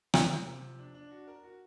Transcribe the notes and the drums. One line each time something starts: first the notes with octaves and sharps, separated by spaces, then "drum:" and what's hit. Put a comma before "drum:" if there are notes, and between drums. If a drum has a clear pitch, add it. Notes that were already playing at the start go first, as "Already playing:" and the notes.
A#3, drum: rim click
C3
C3
F3
D4
D4
F#4
A#4
F#4